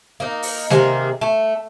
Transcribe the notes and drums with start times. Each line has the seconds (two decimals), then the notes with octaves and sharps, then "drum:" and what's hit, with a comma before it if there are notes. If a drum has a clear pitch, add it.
0.20 A#3 D#4
0.43 drum: open hi-hat
0.70 C3 D#3 A#3 G#4, drum: snare G#3
1.21 A3